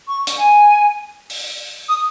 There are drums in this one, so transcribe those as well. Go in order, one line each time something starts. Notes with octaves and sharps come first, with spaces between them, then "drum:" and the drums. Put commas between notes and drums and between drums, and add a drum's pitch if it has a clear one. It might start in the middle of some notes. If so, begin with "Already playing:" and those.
C#6
drum: hi-hat
G#5
drum: open hi-hat
D#6